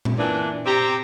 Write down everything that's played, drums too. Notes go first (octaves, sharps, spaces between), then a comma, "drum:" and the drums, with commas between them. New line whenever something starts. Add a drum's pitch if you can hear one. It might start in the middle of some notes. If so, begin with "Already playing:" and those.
drum: tom A#2
A#2 E3 D4
C3 C4 G4 C5 A#5